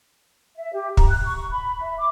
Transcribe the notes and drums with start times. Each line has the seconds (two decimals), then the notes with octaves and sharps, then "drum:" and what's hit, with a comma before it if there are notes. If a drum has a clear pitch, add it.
0.57 E5
0.74 G4
0.97 A#5, drum: kick
1.09 F#6
1.24 C#6
1.51 B5
1.81 E5
1.98 D6